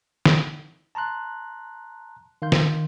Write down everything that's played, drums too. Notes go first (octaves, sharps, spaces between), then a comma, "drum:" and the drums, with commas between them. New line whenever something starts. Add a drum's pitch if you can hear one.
drum: snare
A5 A#5 C6 F#6
D#3 F5 C6 G6
drum: snare